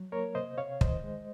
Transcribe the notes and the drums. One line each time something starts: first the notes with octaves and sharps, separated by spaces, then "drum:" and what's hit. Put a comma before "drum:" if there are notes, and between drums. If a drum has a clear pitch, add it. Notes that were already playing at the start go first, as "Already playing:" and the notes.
Already playing: F#3
A#3 A#4 C#5
C3 C5 D#5
C3 C#5 F5
D#3 C5 D#5, drum: kick
G#3